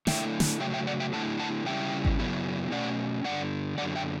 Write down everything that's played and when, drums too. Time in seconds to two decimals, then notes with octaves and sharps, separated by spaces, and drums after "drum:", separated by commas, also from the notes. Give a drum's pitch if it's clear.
0.07 D3 A3 E4 E5 G5, drum: snare
0.40 drum: snare
0.60 C#3 F#3 A3 E5 G5
0.74 E5 G5
0.87 D5 F#5
1.00 E5 G5
1.13 D3 A3 E4 F#5 A5
1.39 F#5 A5
1.66 C#3 G3 C#4 E4 E5 G5
2.05 drum: kick G#1
2.19 F#2 C#3 F#3 B3 E4
2.72 B2 A3 C#4 D5 F#5
3.24 G2 D3 A3 D5 F#5
3.78 F#2 D3 A3 D5 F#5
3.95 E5 G5